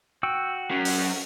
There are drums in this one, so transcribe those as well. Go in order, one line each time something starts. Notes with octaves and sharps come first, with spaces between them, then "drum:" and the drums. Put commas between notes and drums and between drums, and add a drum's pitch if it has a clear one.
F#4 G5 E6
F#3 C#4
drum: open hi-hat